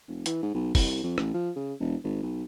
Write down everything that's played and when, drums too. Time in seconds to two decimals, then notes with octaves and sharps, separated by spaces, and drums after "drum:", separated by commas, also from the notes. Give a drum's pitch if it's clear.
0.08 F1
0.26 E3, drum: hi-hat
0.43 G#2
0.54 B1
0.75 C2, drum: kick, open hi-hat
1.03 F2
1.18 A1, drum: rim click
1.34 F3
1.56 C#3
1.80 E1
2.04 G#1
2.23 B1